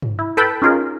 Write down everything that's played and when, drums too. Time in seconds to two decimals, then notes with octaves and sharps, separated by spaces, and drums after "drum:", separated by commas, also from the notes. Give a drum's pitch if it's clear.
0.02 drum: tom G2
0.19 E4
0.37 A4 B4 G5 A5 B5
0.62 C#4 D#4 F4 G#4 A#4